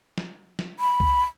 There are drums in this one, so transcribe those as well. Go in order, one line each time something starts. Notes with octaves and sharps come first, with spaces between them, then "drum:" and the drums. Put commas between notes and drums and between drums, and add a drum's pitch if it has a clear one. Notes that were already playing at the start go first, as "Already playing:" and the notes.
drum: snare
drum: snare
B5
drum: kick C2